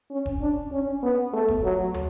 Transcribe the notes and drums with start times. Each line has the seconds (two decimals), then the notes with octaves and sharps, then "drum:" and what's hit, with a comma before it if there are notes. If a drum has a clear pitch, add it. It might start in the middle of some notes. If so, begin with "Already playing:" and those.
0.11 C#4
0.26 drum: kick E1
0.41 D4
0.72 C#4
1.03 B3
1.33 A3
1.48 drum: kick E1
1.64 F#3
1.94 drum: tom